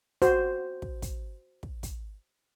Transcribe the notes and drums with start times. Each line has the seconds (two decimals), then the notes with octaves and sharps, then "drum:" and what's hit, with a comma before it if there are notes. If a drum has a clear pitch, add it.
0.22 F#4 C5, drum: kick, hi-hat
0.82 drum: kick
1.02 drum: kick, hi-hat
1.63 drum: kick
1.83 drum: kick, hi-hat